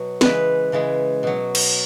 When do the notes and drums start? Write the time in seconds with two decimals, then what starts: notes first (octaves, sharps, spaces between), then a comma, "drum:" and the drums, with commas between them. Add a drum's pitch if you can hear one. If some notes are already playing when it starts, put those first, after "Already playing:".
Already playing: B2 F#3
0.21 C#3 E3 G#3 B4, drum: snare
0.72 C#3 E3 G#3
1.23 B2 F#3
1.55 drum: cymbal